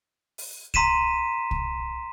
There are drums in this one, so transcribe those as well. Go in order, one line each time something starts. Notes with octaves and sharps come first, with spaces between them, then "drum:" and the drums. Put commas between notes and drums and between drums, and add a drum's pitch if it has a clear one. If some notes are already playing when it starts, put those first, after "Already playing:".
drum: open hi-hat
A#5 C6 B6 D#7 E7, drum: kick C2
drum: kick C2